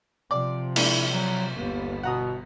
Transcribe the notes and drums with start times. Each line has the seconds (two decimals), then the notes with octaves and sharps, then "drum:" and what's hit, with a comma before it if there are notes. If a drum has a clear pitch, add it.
0.31 C3 F3 D5 D6
0.76 G#3 A#3 D4 E4, drum: cymbal
1.13 F#3
1.56 G1 D#2 B3
2.03 B2 F#5 A#5 D#6